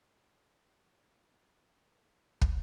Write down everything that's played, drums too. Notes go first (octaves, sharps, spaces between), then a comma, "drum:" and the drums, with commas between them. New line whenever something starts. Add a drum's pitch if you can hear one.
F#4 F#5
drum: kick